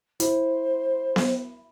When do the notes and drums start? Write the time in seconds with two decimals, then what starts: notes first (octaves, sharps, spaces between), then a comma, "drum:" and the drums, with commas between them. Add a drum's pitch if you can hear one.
0.20 E4 C5, drum: hi-hat
1.16 drum: snare B3